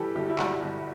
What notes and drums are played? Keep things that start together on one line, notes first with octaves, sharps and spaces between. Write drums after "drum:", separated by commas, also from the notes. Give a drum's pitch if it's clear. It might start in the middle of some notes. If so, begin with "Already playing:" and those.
Already playing: E3 G3 G4 A4 B4
G1 G4
E4
G3 F#4, drum: clap
G1